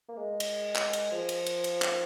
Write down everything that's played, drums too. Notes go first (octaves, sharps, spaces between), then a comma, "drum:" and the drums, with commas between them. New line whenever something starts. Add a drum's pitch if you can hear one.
A#3
G#3
drum: cymbal
drum: clap
drum: cymbal
F3
drum: cymbal
drum: cymbal
drum: cymbal
drum: clap